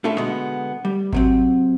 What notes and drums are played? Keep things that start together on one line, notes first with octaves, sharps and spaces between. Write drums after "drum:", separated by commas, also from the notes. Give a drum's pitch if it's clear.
A2 C#4 D4 F4 A4 E5
B2 D3 G#3 B3
G3
C3 F#3 C4, drum: kick G#1